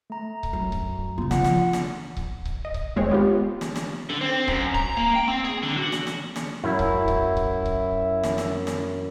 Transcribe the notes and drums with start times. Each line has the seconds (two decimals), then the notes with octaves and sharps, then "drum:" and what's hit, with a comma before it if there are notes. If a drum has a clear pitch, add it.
0.10 A3 A#5
0.43 drum: kick C#1
0.53 F#2
0.72 drum: kick C#1
1.18 C#3 B3 F4
1.31 F3 F#5, drum: snare
1.44 drum: snare
1.73 drum: snare
2.17 drum: kick C#1
2.45 drum: kick C#1
2.65 D#5
2.74 drum: kick C#1
2.96 D#2 G#3 C4 C#5
3.11 B3 F4 G4
3.61 drum: snare
3.75 drum: snare
4.09 D3
4.21 C4
4.48 F#2, drum: kick C#1
4.74 A#5, drum: kick C#1
4.97 A#3
5.15 G5
5.28 C4
5.44 G#4
5.63 D3
5.77 F#4
5.92 drum: snare
6.07 drum: snare
6.36 drum: snare
6.63 F#2 E4
6.79 drum: kick C#1
7.08 drum: kick C#1
7.37 drum: kick C#1
7.66 drum: kick C#1
8.23 drum: snare
8.38 drum: snare
8.67 drum: snare